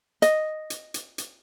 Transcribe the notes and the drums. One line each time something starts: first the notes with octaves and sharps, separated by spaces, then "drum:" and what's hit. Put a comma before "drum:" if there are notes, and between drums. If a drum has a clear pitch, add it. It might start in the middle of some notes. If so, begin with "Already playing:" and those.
D#5, drum: hi-hat
drum: hi-hat
drum: hi-hat
drum: hi-hat